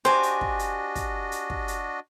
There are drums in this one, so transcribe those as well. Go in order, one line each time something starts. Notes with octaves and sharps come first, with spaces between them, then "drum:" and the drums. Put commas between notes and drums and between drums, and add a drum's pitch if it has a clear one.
D4 F#4 G4 C5 D#5 G#5
drum: hi-hat
drum: kick
drum: hi-hat
drum: kick, hi-hat
drum: hi-hat
drum: kick
drum: hi-hat